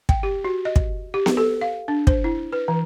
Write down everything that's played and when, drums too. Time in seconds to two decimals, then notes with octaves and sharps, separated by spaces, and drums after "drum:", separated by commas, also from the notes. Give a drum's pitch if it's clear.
0.09 G5, drum: kick
0.23 G4
0.44 F#4
0.65 D#5
0.76 drum: kick
1.14 G4
1.26 drum: snare B3
1.37 A4
1.61 F5
1.88 D4
2.07 C5, drum: kick
2.24 E4
2.52 B4
2.68 E3